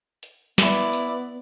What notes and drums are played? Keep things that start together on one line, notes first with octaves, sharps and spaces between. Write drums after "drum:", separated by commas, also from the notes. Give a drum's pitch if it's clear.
drum: hi-hat
B3 E4 D5, drum: snare
drum: hi-hat